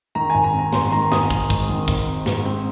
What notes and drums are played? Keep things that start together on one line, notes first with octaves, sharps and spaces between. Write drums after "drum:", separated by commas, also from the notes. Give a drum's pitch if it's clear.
D#3 A#5
G#1 G#5
A#5
C4
A#5
G#2 C6, drum: snare
D#3 A#5
G#1 D#6, drum: snare
C4, drum: kick
G#2, drum: kick
D#3
G#1, drum: kick
C4
G#2, drum: snare
C4